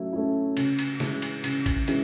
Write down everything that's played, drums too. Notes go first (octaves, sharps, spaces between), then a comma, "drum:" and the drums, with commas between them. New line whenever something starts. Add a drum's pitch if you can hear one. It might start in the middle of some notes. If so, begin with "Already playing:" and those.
Already playing: F#3 A3 C#4 E4
A3 C#4 E4
C#3, drum: cymbal
drum: cymbal
E3 G#3 C#4, drum: snare
drum: cymbal
C#3, drum: cymbal
drum: kick A1, cymbal
E3 G#3 C#4, drum: cymbal